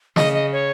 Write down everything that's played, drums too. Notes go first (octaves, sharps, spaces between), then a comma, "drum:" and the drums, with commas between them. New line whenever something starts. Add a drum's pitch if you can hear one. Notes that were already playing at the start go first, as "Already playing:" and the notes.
C#3 D#5, drum: snare
D#5
C#5